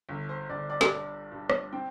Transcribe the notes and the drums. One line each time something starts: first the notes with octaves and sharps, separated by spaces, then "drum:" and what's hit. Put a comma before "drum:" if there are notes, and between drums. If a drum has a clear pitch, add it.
G1
C5
G1 D5
D5
drum: snare
G2
G2
drum: rim click
C4 G5